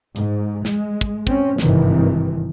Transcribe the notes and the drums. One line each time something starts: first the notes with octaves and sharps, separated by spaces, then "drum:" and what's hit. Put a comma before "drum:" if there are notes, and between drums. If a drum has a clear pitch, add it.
G#2, drum: hi-hat
G#3, drum: snare
drum: kick
C4 C#4, drum: kick
G#1 G2 C3 D#3 E3, drum: snare